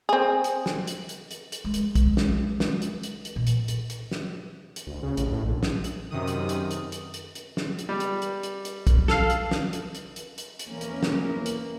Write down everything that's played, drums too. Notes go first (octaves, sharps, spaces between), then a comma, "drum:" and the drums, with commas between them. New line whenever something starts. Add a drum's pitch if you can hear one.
C4 G#4
drum: hi-hat
drum: snare
drum: hi-hat
drum: hi-hat
drum: hi-hat
drum: hi-hat
G#3
drum: hi-hat
drum: kick, hi-hat
drum: snare
drum: snare
drum: hi-hat
drum: hi-hat
drum: hi-hat
A#2
drum: hi-hat
drum: hi-hat
drum: hi-hat
drum: snare
drum: hi-hat
D2
C#3
A1, drum: hi-hat
A2
A#1
drum: snare
drum: hi-hat
F#2 C3 D#3 D#6
drum: hi-hat
drum: hi-hat
drum: hi-hat
drum: hi-hat
drum: hi-hat
drum: hi-hat
drum: snare
drum: hi-hat
G3
drum: hi-hat
drum: hi-hat
drum: hi-hat
drum: hi-hat
drum: kick, hi-hat
A4 F5, drum: snare
drum: hi-hat
drum: snare
drum: hi-hat
drum: hi-hat
drum: hi-hat
drum: hi-hat
drum: hi-hat
E2 E3 A#3 C#4 A#4
drum: hi-hat
drum: snare
drum: hi-hat